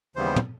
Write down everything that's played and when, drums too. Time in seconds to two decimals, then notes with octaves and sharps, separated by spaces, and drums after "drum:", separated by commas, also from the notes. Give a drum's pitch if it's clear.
0.16 D#2 C#3 E3 G3 B3 C5
0.36 drum: tom